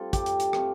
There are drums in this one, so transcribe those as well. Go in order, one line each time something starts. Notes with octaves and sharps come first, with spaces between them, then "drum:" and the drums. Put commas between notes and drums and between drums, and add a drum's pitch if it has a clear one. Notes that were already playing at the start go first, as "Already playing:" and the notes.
Already playing: G3 A3 C4 D4 F4 A4
G4, drum: kick, hi-hat
drum: hi-hat
drum: hi-hat
A3 C4 F4, drum: rim click